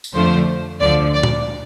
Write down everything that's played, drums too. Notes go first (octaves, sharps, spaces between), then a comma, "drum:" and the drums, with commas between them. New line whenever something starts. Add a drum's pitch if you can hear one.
drum: tambourine
F2 D3 F3 A3 C5
D2 D3 F3 D5
D5
drum: tom A#2